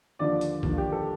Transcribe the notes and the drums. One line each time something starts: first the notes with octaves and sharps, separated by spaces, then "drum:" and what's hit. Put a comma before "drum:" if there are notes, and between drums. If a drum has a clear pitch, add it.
D#2 D3 F3 D5
drum: hi-hat
D#2 D3 F3, drum: kick
G4
A4